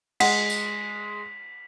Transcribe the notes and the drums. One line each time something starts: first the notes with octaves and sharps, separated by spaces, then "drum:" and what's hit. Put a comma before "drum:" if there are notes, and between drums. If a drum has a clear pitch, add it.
G#3 F#5 B6, drum: cymbal
drum: tambourine